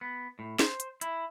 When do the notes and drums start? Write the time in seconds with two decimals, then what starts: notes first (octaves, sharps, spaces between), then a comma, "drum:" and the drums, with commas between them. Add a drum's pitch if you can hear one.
0.01 B3
0.39 A2
0.59 C5, drum: snare
0.80 drum: hi-hat
1.01 E4, drum: hi-hat